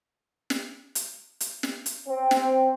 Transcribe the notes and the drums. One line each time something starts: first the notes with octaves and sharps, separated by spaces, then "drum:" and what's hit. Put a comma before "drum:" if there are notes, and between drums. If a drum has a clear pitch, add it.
drum: snare
drum: hi-hat
drum: hi-hat
drum: snare
drum: hi-hat
C4
drum: snare